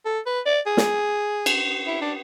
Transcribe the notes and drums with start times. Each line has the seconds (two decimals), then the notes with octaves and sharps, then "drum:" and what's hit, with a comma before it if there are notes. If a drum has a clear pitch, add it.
0.06 A4
0.26 B4
0.46 D5
0.67 G#4
0.77 drum: snare
1.46 drum: cymbal
1.87 E4
2.01 D4